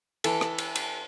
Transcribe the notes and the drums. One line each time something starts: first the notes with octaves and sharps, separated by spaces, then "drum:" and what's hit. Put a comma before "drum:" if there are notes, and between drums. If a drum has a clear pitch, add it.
E3 A4, drum: cymbal
drum: rim click
drum: cymbal
drum: cymbal